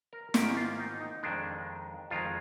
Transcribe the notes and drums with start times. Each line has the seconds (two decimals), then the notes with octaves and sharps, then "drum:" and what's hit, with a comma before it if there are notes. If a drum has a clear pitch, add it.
0.13 A#4
0.34 G#2 D#3 A#3 G4, drum: snare
0.57 F4
0.79 D#4
1.01 D#4
1.23 F2 D#3 G#3 D4
2.11 F2 D#3 G#3 F4